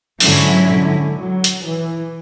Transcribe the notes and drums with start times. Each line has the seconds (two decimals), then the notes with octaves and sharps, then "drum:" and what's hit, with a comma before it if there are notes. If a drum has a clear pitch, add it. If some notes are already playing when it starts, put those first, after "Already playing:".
0.20 G#2 D3 F#3 C#4 E4, drum: open hi-hat
0.68 D3
1.16 F#3
1.44 drum: hi-hat
1.64 E3